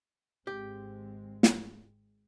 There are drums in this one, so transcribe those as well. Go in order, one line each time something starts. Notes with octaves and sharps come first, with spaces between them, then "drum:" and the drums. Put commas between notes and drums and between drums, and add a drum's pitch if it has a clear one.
G#1 G#3 C4 G4
drum: snare